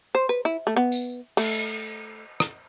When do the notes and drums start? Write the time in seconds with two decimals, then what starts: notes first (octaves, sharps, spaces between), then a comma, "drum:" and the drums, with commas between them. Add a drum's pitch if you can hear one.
0.15 C5
0.29 B4
0.45 E4
0.67 A3
0.76 B3
0.92 drum: tambourine
1.37 A3, drum: cymbal
2.40 drum: rim click